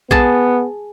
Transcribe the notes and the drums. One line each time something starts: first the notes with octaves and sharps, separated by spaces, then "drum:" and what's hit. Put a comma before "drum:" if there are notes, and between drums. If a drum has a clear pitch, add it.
B3 G#4 A5, drum: kick A#1